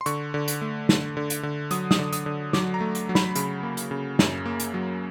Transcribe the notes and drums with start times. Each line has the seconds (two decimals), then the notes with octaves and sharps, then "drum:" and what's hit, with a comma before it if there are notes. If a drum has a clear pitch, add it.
0.01 C6
0.06 D3 C#6, drum: hi-hat
0.34 D3
0.48 drum: hi-hat
0.61 A3
0.89 D3, drum: snare
1.17 D3
1.30 drum: hi-hat
1.43 D3
1.71 F#3 D#6, drum: hi-hat
1.91 D#6, drum: snare
1.99 D3
2.13 D#6, drum: hi-hat
2.26 D3
2.53 F#3 D6, drum: snare
2.74 A#5
2.81 A3
2.95 drum: hi-hat
3.09 F#3
3.15 B5, drum: snare
3.35 C#3, drum: hi-hat
3.63 A#3
3.77 drum: hi-hat
3.91 C#3
4.19 F#2, drum: snare
4.46 A#3
4.60 drum: hi-hat
4.74 F#3